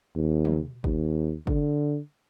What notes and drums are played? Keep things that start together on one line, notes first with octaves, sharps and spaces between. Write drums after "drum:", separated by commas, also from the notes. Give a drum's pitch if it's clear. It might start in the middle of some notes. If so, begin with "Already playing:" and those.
D#2
drum: tom
D#2, drum: kick
D3, drum: kick